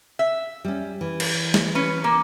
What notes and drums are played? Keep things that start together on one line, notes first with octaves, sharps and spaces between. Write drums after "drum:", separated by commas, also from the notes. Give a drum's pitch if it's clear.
E5
G3 C#4
E3
drum: cymbal
drum: snare
C#4 B4
A#3